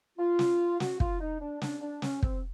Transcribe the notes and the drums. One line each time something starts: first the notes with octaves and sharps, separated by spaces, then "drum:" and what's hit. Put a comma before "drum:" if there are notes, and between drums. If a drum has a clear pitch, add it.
F4
drum: snare
F#4, drum: snare
F4, drum: kick
D#4
D4
D4, drum: snare
D4
C#4, drum: snare
C4, drum: kick